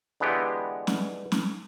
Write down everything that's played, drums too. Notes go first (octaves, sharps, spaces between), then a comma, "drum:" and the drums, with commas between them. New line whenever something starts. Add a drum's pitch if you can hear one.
D3 E3 G#3 B3 G4
drum: snare
drum: snare